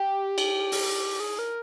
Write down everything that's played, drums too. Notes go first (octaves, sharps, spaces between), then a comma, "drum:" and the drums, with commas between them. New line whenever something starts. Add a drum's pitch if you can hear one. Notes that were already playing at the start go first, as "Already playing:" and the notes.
Already playing: G4
drum: cymbal
drum: open hi-hat
G#4
A#4